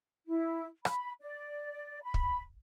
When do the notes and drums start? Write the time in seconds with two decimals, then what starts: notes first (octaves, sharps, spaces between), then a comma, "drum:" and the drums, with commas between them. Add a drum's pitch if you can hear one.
0.27 E4
0.85 B5, drum: rim click
1.21 D5
2.03 B5
2.14 drum: kick